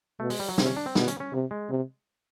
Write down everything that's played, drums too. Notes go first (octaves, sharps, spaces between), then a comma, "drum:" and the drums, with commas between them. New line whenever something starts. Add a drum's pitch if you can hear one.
B2 A3
G#3, drum: open hi-hat
G3
F#3
C3 C4, drum: snare
C#4
D4
C4
B2 B3, drum: snare
C#4, drum: hi-hat
C#4
C3
G#3
C3